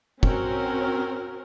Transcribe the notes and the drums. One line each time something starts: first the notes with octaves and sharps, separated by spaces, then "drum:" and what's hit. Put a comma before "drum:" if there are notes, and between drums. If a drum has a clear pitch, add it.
C4 C#4 F#4 A#4, drum: kick